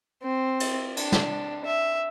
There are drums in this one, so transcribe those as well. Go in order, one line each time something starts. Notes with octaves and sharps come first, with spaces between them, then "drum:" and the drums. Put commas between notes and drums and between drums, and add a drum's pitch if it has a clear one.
C4
drum: cymbal
D4, drum: cymbal
drum: snare
E5